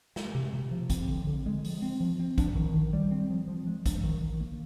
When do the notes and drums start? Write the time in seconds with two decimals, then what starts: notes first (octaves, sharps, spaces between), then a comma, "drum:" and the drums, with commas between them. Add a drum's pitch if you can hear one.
0.16 G#3, drum: snare
0.35 C3
0.54 C3
0.71 F3
0.90 C4, drum: kick, hi-hat
1.08 D3
1.27 D3
1.46 G#3
1.65 F3, drum: open hi-hat
1.82 C4
2.00 F3
2.20 C4
2.38 D4, drum: kick, hi-hat
2.56 D#3
2.74 D#3
2.93 G3
3.11 C4
3.30 F3
3.48 F3
3.67 G#3
3.86 D4, drum: kick, hi-hat
4.03 D#3
4.22 D#3
4.40 A#3